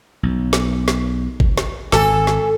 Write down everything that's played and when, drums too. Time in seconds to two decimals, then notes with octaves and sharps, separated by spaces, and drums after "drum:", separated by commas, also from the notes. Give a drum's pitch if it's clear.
0.23 B1
0.53 drum: snare
0.88 drum: snare
1.40 drum: kick G1
1.58 drum: snare
1.92 G#1 A4 G#5, drum: snare
2.27 drum: snare